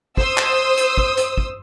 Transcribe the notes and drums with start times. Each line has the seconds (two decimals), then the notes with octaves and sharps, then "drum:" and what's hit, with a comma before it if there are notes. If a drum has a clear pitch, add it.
0.17 C5 D#6 E6, drum: kick
0.37 drum: clap
0.77 drum: hi-hat
0.97 drum: kick
1.17 drum: hi-hat
1.37 drum: kick